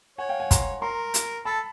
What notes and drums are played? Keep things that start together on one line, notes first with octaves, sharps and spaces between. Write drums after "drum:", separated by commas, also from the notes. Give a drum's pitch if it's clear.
C#5 F#5 G#5
F5 G5
F#5 G#5
A#5 C6, drum: kick, hi-hat
A#4 A#5 C6
drum: hi-hat
A4 A5 B5